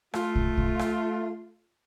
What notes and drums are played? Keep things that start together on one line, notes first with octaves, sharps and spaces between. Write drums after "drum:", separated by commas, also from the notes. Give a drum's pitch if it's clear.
A3 F4, drum: rim click
drum: kick
drum: kick
drum: rim click